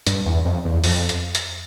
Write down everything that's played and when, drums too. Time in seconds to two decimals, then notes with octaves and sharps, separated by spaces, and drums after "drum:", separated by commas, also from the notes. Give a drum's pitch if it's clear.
0.07 G2, drum: hi-hat
0.26 E2
0.45 F2
0.65 E2
0.84 F2, drum: open hi-hat
1.09 drum: hi-hat
1.35 drum: hi-hat